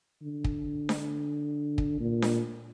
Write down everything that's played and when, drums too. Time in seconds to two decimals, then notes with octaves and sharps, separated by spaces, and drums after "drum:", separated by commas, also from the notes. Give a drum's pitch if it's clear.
0.22 D3
0.44 drum: kick
0.89 drum: snare D4
1.78 drum: kick
2.00 A#2
2.22 drum: snare D4